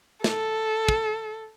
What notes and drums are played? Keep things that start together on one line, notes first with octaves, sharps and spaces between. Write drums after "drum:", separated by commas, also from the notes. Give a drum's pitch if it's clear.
A4, drum: snare
drum: kick